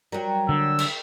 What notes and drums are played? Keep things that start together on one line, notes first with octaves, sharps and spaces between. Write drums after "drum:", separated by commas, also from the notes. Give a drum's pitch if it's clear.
F#3 G3 A#4 G5
D3 E6
drum: cymbal